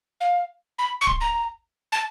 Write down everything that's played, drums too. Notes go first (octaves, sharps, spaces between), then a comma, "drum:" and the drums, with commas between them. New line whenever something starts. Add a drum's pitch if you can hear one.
F5
B5
C#6
C6, drum: kick D1
A#5
A5